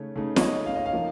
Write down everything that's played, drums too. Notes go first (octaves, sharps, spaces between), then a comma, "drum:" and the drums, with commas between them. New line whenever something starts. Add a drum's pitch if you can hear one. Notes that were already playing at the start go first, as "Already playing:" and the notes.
Already playing: C#3 A3 D#4 C#5
C#3 A3 D#4
C#5, drum: snare
D#5
F5
D#5
F5
F3 A#3 D#4